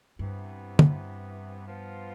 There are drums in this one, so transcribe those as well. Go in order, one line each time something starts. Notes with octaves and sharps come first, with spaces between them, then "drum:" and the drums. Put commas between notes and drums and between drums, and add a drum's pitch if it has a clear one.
G2 C3 E3 B3
drum: tom
F3 B3 F4